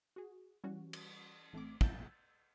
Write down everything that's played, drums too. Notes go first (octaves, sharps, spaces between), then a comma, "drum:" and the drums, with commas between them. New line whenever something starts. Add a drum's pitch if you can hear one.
F#4 G#4
E3 G3 C#4 F#4
drum: cymbal
A1 A3 C4 D6
E6 G6 A6, drum: kick